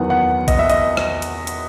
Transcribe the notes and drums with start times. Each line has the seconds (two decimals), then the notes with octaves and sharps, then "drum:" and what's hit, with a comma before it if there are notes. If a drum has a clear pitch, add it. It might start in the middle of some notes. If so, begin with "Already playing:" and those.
Already playing: E2 D#3 F#3 B3 F#5
0.10 F#5
0.48 D#5, drum: kick B1, hi-hat
0.59 E5
0.70 D#5, drum: hi-hat
0.97 drum: rim click
1.22 drum: hi-hat
1.47 drum: hi-hat